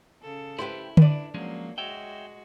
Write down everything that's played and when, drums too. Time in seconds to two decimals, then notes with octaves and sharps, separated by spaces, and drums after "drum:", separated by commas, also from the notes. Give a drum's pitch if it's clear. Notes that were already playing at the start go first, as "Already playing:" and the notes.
0.22 C#3 A4
0.59 E4 G4 B4 C5
0.97 D4 B4 D5, drum: tom D3
1.34 F3 F#3 G#3 A#3 C#4
1.78 G#3 F#4 C#5 E5 G5